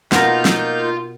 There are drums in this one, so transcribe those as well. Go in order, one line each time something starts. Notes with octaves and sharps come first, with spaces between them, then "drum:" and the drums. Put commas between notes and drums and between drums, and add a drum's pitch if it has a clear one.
B2 A#3 D#4 F4 A#4 C6 G6, drum: snare
drum: snare